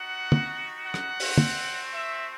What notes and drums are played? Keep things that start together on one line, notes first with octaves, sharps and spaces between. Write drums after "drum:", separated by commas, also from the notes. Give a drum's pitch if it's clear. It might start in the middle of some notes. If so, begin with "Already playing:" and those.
Already playing: G3 D#4 F#4 F#5
drum: tom
F#5
drum: rim click
A3 C4 F#4, drum: open hi-hat
drum: tom
E5